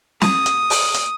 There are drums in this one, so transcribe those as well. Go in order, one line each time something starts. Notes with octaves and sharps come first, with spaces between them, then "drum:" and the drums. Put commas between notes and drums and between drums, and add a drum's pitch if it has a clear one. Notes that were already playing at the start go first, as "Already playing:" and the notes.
D#6, drum: snare
drum: hi-hat
drum: open hi-hat
drum: hi-hat